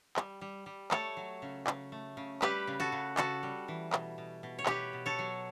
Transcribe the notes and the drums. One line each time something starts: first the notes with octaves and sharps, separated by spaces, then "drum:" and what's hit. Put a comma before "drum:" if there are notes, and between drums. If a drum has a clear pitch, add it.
G3, drum: clap
G3
G3
A3 A4 C#5, drum: clap
F#3
C#3
C#3, drum: clap
A3
C#3
G3 G4 B4, drum: clap
C#3
F#4 A4
C#3
C#3 F#4 A4, drum: clap
G3
E3
B2, drum: clap
B2
B2
C#5
B2 G4 B4, drum: clap
B2
A4 C#5
F#3